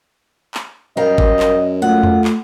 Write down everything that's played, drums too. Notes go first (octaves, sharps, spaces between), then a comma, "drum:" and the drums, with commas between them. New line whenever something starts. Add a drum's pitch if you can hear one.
drum: clap
F#2 G3 A#4 D#5 F5
drum: kick G#1
drum: clap
A3 F4 F#5
drum: tom E2
drum: clap